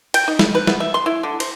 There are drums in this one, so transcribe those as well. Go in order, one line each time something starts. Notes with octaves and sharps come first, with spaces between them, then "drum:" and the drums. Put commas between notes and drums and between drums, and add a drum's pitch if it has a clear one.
G5, drum: cymbal
D#4
drum: snare
B4
B3, drum: snare
E5
C6
E4
D3
C5, drum: cymbal